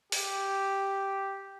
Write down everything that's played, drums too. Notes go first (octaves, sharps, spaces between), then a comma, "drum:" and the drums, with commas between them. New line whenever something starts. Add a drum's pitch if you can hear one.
G4, drum: open hi-hat